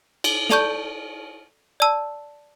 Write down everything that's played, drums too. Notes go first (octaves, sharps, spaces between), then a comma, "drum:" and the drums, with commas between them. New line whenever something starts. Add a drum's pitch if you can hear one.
drum: cymbal
A4 D5 A5 C#6 G6, drum: snare
D5 A5 E6